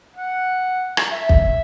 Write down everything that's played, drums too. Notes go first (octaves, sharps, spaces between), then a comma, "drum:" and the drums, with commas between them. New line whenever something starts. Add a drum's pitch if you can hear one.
F#5
drum: rim click
E5
drum: kick